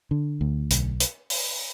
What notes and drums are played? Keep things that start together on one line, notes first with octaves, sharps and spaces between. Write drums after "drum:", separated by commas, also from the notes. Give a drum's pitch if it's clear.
D3
D2
B1, drum: hi-hat
drum: hi-hat
drum: open hi-hat